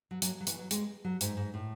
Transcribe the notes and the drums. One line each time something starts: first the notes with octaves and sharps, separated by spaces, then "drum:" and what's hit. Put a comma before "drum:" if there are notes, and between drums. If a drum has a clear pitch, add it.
F#3
F#3, drum: hi-hat
F#3
E3, drum: hi-hat
F#3
G#3, drum: hi-hat
F#3
G#2, drum: hi-hat
G#2
A2